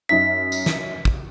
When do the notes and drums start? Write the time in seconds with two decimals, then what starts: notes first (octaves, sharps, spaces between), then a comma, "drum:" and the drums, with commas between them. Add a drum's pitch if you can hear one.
0.09 F#2 D#4 E5 B6
0.52 drum: tambourine
0.66 drum: snare
1.05 drum: kick